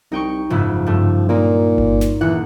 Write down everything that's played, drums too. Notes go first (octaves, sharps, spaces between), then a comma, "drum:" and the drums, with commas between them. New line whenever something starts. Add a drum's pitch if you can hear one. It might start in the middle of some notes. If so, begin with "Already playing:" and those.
C2 D#4 G5 C#6
F#1 G#2 F3 E4
G2 G3 A3
A#2 A#3 D#4
drum: kick G1
drum: snare
D#1 E3 F#5